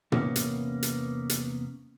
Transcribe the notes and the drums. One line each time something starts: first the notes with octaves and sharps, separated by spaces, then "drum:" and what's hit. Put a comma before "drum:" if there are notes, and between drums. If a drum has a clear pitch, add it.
E2 C3 A#3 B3 C#4, drum: tom
drum: hi-hat
drum: hi-hat
drum: hi-hat